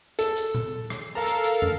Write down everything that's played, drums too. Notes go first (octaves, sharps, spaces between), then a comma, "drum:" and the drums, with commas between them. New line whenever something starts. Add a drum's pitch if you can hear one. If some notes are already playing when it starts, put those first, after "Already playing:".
A4, drum: hi-hat
drum: hi-hat
drum: tom A#2
drum: rim click
A4 A#4 F5 A#5
drum: hi-hat
drum: hi-hat
drum: tom